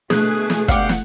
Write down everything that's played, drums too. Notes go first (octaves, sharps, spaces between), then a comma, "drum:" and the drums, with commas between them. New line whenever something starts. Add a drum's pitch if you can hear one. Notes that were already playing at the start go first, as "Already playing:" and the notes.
B2 D3 A3 G#4 F#6, drum: snare
drum: snare
G4 F5 F#5, drum: kick, hi-hat
drum: snare